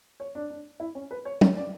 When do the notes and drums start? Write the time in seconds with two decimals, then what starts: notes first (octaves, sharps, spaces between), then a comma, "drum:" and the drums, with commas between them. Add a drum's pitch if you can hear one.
0.20 C#5
0.35 D4
0.50 D4
0.80 E4
0.95 C#4
1.11 B4
1.25 C#5
1.41 C#5, drum: tom
1.56 D5